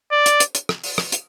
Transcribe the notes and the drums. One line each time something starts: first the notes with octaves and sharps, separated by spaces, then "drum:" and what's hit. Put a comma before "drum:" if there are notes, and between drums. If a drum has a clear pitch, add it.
D5
drum: hi-hat
drum: hi-hat
drum: hi-hat
drum: rim click
drum: open hi-hat
drum: rim click
drum: hi-hat